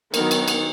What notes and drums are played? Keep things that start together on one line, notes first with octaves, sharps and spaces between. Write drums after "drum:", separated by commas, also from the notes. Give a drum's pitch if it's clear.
D#3 F#3 B3 A#4, drum: cymbal
drum: cymbal
drum: cymbal